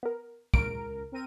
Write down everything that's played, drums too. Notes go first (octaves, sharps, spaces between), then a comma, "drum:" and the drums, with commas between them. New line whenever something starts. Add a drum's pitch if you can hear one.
B3 A#4
C#2 A#4 D7, drum: kick
C4 A#4 D#7